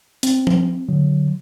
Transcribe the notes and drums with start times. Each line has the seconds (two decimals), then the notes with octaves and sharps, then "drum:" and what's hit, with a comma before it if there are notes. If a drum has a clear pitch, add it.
0.23 C4, drum: hi-hat
0.47 drum: tom F3
0.89 D3 F#3